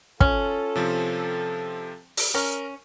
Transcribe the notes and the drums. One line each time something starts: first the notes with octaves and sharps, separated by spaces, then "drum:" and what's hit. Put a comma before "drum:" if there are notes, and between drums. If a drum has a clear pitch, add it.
C#4 F4 A4, drum: kick
C3 F3 C4
drum: open hi-hat
C#4 A#4